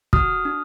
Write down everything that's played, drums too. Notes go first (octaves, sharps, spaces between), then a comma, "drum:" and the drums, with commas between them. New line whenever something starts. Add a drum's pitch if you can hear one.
F#4 D#6 F6, drum: kick
D4